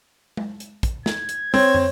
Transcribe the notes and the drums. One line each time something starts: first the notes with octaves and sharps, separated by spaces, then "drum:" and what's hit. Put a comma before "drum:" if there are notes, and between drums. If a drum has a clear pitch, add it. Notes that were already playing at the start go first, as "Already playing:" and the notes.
drum: tom G#3
drum: hi-hat
drum: kick, hi-hat
G#6, drum: snare
drum: hi-hat
C4 C#5 G#6, drum: open hi-hat
drum: tom